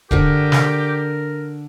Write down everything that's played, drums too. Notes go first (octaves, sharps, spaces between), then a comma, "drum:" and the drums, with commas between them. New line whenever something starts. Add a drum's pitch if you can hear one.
D3 D4 F#4 G4 A#4, drum: kick D1
drum: snare